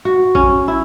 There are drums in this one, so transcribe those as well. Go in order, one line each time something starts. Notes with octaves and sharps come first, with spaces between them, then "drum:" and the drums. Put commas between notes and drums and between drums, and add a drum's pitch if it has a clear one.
F#4
C#4, drum: kick A1
E4